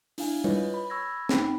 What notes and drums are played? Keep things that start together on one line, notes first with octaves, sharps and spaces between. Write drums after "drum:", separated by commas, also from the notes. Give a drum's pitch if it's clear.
D4 E4 F5 G#5, drum: open hi-hat
F4 B4 C#5 D#5, drum: tom G3
B5
B5 C#6 E6 G#6 A#6
C4 D#4 G5 B5, drum: snare